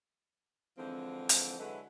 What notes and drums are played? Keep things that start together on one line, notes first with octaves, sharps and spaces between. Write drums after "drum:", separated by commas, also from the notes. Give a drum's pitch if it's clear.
D3 E3 F3 G#3 C4
drum: hi-hat
D3 F#3 G#3 E4 A4 B4